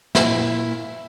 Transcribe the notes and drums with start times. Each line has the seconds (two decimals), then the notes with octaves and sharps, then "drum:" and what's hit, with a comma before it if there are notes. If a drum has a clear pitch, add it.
0.15 A#2 E4 E5, drum: snare